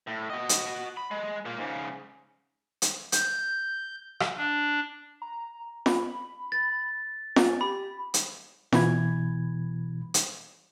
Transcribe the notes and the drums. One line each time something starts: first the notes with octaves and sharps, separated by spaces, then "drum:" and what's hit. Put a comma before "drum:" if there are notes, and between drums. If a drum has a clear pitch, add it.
A2
F#4 D#5
drum: hi-hat
B5
G#3
A#2 A#3
G#2 C#3
drum: hi-hat
G6, drum: hi-hat
drum: rim click
D4
A#5
B5, drum: snare F4
A6
C#4, drum: snare F4
G4 B5
drum: hi-hat
B2 E3 B5 G#6, drum: snare F4
drum: hi-hat